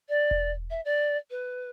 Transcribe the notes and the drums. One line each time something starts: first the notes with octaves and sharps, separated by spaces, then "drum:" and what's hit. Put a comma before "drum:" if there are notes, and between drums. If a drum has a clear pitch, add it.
D5
drum: kick E1
E5
D5
B4